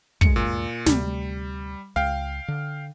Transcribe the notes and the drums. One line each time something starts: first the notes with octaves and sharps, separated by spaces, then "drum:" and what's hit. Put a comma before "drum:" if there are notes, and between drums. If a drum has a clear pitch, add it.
D2 G2 G#3 C#7, drum: kick
A#2
D2 C3 G3 A3, drum: snare
C#2 F5 G5
D3